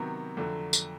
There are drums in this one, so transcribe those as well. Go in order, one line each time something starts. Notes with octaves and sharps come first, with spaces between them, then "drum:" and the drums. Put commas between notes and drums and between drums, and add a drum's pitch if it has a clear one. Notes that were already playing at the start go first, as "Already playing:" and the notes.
Already playing: C3 D#3 F#3 B3
F2 D3 F#3 A3
drum: tambourine